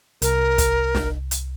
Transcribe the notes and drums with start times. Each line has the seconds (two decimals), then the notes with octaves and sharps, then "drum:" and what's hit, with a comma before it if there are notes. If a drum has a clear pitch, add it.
0.22 C2 A#4, drum: hi-hat
0.58 drum: kick, hi-hat
0.95 drum: snare
1.31 drum: hi-hat